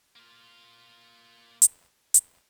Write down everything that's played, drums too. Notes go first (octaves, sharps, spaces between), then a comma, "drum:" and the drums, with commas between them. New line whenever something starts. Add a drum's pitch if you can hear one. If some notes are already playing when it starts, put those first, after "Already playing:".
A#3 F4
drum: hi-hat
drum: hi-hat